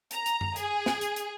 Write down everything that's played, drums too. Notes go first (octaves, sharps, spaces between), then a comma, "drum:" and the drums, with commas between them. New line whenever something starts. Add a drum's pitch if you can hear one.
A#5, drum: hi-hat
drum: hi-hat
drum: tom F#2
G#4, drum: hi-hat
drum: snare
drum: hi-hat
drum: hi-hat